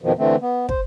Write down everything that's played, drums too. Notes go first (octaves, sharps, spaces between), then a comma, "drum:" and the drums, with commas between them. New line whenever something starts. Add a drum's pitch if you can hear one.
F2 B2 D#3 F3
D3 E3 A3 C4
B3
C5, drum: kick